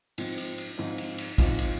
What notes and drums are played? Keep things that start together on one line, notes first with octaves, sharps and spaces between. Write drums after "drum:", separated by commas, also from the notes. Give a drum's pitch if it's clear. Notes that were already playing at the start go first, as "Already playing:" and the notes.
G#2 F3 C4 F4 C5, drum: cymbal
drum: cymbal
drum: cymbal
G#2 F3 C4 F4 C5
drum: cymbal
drum: cymbal
G#2 F3 C4 F4 C5, drum: kick, cymbal
drum: cymbal